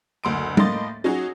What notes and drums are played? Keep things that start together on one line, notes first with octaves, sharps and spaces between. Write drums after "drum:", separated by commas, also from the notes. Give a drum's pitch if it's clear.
F#1 D2 C6 D7
A2 A#3 D#5 C6 A6, drum: tom G3
F#3 C#4 D#4 F#4 G#4